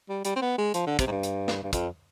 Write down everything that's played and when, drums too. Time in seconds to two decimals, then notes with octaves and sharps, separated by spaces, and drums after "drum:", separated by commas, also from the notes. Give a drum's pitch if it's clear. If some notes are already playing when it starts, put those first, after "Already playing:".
0.09 G3
0.25 G3, drum: hi-hat
0.36 C4
0.41 B3
0.58 G#3
0.74 F3, drum: hi-hat
0.86 D3
0.99 C3, drum: kick, hi-hat
1.07 G#2
1.11 G2
1.23 drum: hi-hat
1.48 drum: snare
1.63 G2
1.73 F2, drum: kick, hi-hat